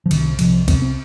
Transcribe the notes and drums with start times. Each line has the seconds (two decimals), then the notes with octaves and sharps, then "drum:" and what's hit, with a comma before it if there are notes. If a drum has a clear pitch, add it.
0.06 F3
0.11 C2 C3 D#3, drum: cymbal
0.39 C2 C3 F3, drum: cymbal
0.68 C2 C3 C4, drum: kick, cymbal
0.82 C4